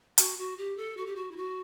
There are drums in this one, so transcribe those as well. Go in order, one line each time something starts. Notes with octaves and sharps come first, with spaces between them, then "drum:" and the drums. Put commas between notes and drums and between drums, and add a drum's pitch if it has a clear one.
F#4, drum: hi-hat
F#4
G4
A4
F#4
G4
F#4
E4
F#4